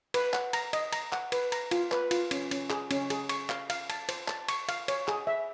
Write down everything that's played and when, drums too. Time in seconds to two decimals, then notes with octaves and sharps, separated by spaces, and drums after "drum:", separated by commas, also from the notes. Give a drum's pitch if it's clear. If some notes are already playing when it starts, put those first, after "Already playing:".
0.14 B4, drum: cymbal
0.33 F#5, drum: clap
0.53 A#5, drum: cymbal
0.73 D#5, drum: cymbal
0.93 A#5, drum: cymbal
1.12 F#5, drum: clap
1.32 B4, drum: cymbal
1.52 A#5, drum: cymbal
1.71 F4, drum: cymbal
1.92 B4, drum: clap
2.11 F4, drum: cymbal
2.31 C#4, drum: cymbal
2.51 C#4, drum: cymbal
2.70 G#4, drum: clap
2.91 C#4, drum: cymbal
3.10 G#4, drum: cymbal
3.29 C#6, drum: cymbal
3.49 F5, drum: clap
3.70 F5, drum: cymbal
3.90 A5, drum: cymbal
4.09 C5, drum: cymbal
4.28 A5, drum: clap
4.49 C#6, drum: cymbal
4.69 F5, drum: cymbal
4.88 C#5, drum: cymbal
5.08 G#4, drum: clap
5.27 E5